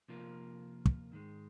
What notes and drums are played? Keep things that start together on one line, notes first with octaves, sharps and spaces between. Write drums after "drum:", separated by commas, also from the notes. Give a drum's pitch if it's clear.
C3 F3 A#3 F4 A#4
drum: kick
G#2 D#3 G#3